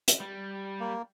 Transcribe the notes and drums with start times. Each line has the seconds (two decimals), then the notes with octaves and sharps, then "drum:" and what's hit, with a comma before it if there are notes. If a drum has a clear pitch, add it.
0.08 drum: hi-hat
0.20 G3
0.80 A#3